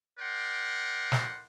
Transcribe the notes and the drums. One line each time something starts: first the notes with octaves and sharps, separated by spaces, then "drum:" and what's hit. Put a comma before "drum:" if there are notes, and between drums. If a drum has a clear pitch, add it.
A#4 D5 F#5 G5 C6
drum: snare